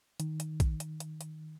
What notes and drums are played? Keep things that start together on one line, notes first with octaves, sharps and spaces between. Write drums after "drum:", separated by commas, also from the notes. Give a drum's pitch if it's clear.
D#3, drum: hi-hat
drum: hi-hat
drum: kick, hi-hat
drum: hi-hat
drum: hi-hat
drum: hi-hat